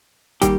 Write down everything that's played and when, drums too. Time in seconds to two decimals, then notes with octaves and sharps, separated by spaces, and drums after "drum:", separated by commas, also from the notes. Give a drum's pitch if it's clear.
0.42 D#3 G3 A#3 G4, drum: kick, hi-hat